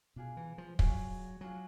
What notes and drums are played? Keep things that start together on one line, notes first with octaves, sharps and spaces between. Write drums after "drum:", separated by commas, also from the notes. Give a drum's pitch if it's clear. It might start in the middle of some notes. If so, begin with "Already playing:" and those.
B2 D4 F4 G#4
E3
F3
F#3 D4 F4 G#4, drum: kick
F#3 D4 F4 G#4